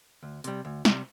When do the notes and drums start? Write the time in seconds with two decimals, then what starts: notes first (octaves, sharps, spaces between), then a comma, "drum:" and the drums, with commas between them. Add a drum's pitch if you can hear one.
0.23 D2
0.44 C3 G3, drum: hi-hat
0.65 D2
0.85 C3 G3, drum: snare